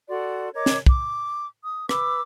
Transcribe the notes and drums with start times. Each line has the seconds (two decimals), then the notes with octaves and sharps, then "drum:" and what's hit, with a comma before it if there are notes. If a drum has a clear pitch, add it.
0.09 F#4 A4 D5 C6
0.54 A#4 C#5 D#5 D6
0.66 drum: snare
0.86 D6, drum: kick
1.64 D#6
1.89 B4 D6 E6, drum: rim click